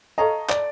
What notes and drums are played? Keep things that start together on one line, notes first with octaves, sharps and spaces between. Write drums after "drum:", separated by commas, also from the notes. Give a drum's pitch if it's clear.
A4 C#5 D#5 F5 A#5
D5, drum: clap